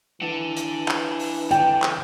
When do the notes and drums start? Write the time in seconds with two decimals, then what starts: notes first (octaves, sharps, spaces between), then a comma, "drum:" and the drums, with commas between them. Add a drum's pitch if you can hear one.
0.22 E3 D4 F#5
0.57 drum: hi-hat
0.88 drum: clap
1.19 drum: open hi-hat
1.51 D3 G5, drum: hi-hat
1.82 drum: clap